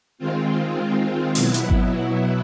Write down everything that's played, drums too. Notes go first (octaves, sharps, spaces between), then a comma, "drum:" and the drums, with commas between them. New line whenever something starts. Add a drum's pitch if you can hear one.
D#3 G#3 C4 F4
B2 F#3 B3 E4, drum: open hi-hat
drum: hi-hat
drum: kick G#1